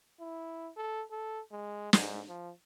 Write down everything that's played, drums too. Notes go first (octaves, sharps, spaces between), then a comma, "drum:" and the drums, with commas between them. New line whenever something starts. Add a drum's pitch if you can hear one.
E4
A4
A4
G#3
G#2, drum: snare
F3